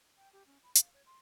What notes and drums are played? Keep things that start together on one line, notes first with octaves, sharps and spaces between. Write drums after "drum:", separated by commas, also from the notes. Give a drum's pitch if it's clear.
G5
G4
C#4
B5
F5, drum: hi-hat
C#5
C6